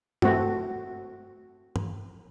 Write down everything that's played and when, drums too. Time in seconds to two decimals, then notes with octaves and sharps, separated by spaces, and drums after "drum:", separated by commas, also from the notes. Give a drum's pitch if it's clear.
0.22 A3 C4 F#4, drum: tom G2
1.76 drum: tom G2